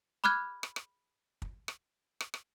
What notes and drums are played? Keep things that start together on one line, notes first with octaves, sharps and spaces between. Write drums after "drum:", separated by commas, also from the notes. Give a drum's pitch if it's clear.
B5 D6 F6 F#6 G#6
drum: rim click
drum: rim click
drum: kick
drum: rim click
drum: rim click
drum: rim click